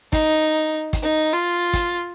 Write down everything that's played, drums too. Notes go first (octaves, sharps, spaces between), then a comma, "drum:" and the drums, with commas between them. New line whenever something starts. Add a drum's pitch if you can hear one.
D#4, drum: kick, hi-hat
drum: kick, hi-hat
D#4
F4
drum: kick, hi-hat